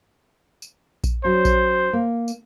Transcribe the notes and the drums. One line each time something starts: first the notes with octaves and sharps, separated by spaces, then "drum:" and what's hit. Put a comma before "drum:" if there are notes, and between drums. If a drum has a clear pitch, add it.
drum: tambourine
drum: kick A#1, tambourine
F#3 C#4 C5
drum: kick A#1, tambourine
A#3
drum: tambourine